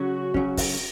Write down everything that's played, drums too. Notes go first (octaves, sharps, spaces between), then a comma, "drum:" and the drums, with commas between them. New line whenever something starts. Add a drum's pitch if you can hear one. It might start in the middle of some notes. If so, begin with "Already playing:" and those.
Already playing: C#3 F#3 C#4 F#4
C#3 F#3 C#4, drum: kick
drum: kick, open hi-hat